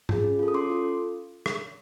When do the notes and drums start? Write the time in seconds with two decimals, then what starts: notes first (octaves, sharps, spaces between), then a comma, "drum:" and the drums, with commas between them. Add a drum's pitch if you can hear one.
0.09 F4 G#4, drum: tom G#2
0.24 C#4
0.39 F4 A4
0.48 D#6
0.54 C#4 C6 D6
0.70 F4 A4
1.46 drum: rim click